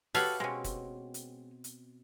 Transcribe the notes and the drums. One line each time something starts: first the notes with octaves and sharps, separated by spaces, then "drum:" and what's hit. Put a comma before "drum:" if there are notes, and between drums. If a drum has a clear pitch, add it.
F#4 G4 A4 B4 C#5 F5, drum: open hi-hat
B2 G#3 C4 C#4
drum: kick, hi-hat
drum: hi-hat
drum: hi-hat